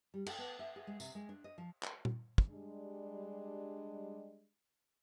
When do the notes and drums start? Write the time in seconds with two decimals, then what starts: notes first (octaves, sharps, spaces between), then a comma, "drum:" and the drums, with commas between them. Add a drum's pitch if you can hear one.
0.14 G3
0.26 A4, drum: cymbal
0.38 B3
0.59 E5
0.76 G#4
0.87 G#3
1.00 C3, drum: tambourine
1.15 G#3
1.29 D4
1.44 D#5
1.58 F3
1.83 drum: clap
2.05 drum: tom A#2
2.38 drum: kick
2.49 G3 G#3 D4